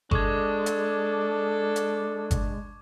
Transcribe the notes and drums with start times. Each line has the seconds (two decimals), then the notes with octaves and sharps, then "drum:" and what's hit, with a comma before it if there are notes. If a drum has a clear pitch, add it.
0.11 G#3 D4 A4 C#6 D6 G#6, drum: kick G1
0.66 drum: hi-hat
1.76 drum: hi-hat
2.31 drum: kick G1, hi-hat